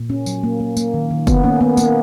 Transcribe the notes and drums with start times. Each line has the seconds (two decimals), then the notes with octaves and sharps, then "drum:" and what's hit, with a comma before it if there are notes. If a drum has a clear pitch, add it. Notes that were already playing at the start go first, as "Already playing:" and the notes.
Already playing: A#2
0.10 A#3 C#4
0.26 F#3, drum: tambourine
0.43 A#3
0.60 A#3
0.77 A#3, drum: tambourine
0.94 D#3
1.10 D#3
1.27 D#3 B3, drum: kick, tambourine
1.43 A#3 C#4
1.61 A#3 B3
1.77 A#3, drum: tambourine